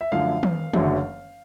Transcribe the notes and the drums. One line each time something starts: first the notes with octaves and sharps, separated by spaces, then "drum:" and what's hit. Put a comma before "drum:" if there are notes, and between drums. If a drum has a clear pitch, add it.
E5
F#2 D3 F3 A3 F5
drum: tom
F#1 F#2 D3 F#3 A3, drum: tom